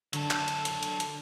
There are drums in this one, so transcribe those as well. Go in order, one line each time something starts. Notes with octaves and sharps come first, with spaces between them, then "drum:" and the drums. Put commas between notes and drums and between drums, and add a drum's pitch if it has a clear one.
D3 F#3 A4, drum: hi-hat
drum: clap
drum: hi-hat
drum: hi-hat
drum: hi-hat
drum: hi-hat